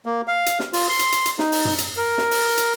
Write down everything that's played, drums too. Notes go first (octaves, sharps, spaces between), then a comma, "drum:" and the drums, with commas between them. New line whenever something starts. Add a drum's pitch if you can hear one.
A#3
F5
drum: hi-hat
drum: snare
F4, drum: open hi-hat
C6
drum: hi-hat
drum: hi-hat
drum: hi-hat
D#4, drum: snare
drum: open hi-hat
drum: tom
drum: hi-hat
A#4
drum: snare
drum: open hi-hat
drum: hi-hat